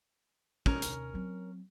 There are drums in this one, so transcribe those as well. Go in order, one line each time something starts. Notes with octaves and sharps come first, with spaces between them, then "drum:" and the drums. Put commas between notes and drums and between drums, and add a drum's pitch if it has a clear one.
C#4 A#4, drum: kick
D#2 C3, drum: hi-hat
F#3 C4